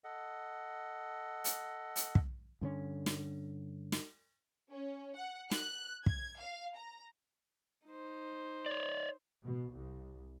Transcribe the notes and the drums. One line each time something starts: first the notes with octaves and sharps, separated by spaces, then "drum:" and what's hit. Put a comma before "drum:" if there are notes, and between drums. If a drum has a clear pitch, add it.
A4 D#5 F#5
drum: hi-hat
drum: hi-hat
drum: kick
G2 D3 C#4
drum: snare
drum: snare
C#4
F#5
F#6, drum: snare
G#6, drum: kick
F5
A#5
D#4 C5
C#5 D5
B2
C2